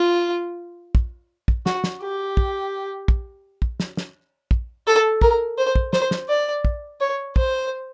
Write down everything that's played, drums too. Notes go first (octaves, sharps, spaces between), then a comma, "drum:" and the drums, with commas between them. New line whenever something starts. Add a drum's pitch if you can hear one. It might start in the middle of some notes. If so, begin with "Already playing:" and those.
Already playing: F4
drum: kick
drum: kick
F#4, drum: snare
drum: snare
G4
drum: kick
drum: kick
drum: kick
drum: snare
drum: snare
drum: kick
A4
A#4, drum: kick
C5
drum: kick
C5, drum: snare
drum: snare
D5
drum: kick
C#5
C5, drum: kick